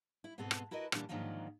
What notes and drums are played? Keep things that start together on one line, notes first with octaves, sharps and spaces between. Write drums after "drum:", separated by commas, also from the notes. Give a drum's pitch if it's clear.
E4
G#2 B2 B3 C4 A4
drum: rim click
E4 F#4 A#4 B4 D#5
A#2 D3 E3 G3 C#4 D4, drum: rim click
G#2 D3 D#3 F3 F#3 A#3